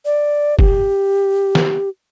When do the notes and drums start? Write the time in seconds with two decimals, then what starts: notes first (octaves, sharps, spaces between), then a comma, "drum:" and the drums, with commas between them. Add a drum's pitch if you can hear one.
0.05 D5
0.59 G4, drum: kick F1
1.55 drum: snare